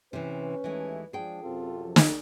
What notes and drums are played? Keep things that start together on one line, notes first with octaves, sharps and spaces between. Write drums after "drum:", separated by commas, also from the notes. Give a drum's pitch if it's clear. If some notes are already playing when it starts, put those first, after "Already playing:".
C3 E3 C#4 B4
D#2 E3 G#3 A3
F3 G#3 D4 G#4 G5
F#2 C3 C4 F4 A4
F3
drum: snare